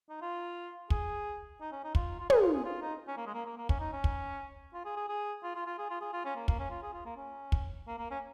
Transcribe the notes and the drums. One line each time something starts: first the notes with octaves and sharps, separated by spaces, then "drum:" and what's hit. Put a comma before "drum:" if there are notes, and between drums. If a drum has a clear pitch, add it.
D#4
F4
G#4, drum: kick
D#4
C#4
D#4
F4, drum: kick
F4
G#4, drum: tom
F4
G#4
F4
D#4
C#4
A#3
G#3
A#3
A#3
A#3
C#4, drum: kick
D#4
C#4
drum: kick
F4
G#4
G#4
G#4
F4
F4
F4
G#4
F4
G#4
F4
C#4
A#3
A#3, drum: kick
C#4
F4
G#4
F4
A#3
C#4
drum: kick
A#3
A#3
C#4